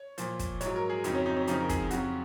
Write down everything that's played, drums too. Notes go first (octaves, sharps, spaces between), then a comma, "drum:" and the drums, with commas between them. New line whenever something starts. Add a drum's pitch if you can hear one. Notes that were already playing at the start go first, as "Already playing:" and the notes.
Already playing: C#5
A#2 F3, drum: hi-hat
drum: kick, hi-hat
G#2 F#3 C#5, drum: hi-hat
A#4
G#4
F2 C#3 F#3 D#4, drum: hi-hat
C#4
D#4
C#4
F2 C#3 F3 D#4, drum: hi-hat
A#4
G#4, drum: kick, hi-hat
F2 C#3 F#3 F#4, drum: hi-hat